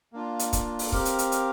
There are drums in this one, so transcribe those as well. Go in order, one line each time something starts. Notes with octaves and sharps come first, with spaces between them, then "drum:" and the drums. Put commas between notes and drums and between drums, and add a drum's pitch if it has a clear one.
A#3 D4 F4
drum: hi-hat
drum: kick C#1, hi-hat
drum: open hi-hat
C4 G4 A#4 F5, drum: kick C#1
drum: hi-hat
drum: hi-hat
drum: hi-hat